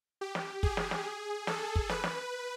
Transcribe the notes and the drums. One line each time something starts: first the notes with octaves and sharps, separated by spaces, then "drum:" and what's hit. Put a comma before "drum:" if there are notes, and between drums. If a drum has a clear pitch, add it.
G4
drum: snare
G#4, drum: kick
drum: snare
drum: snare
A4, drum: snare
drum: kick
B4, drum: snare
drum: snare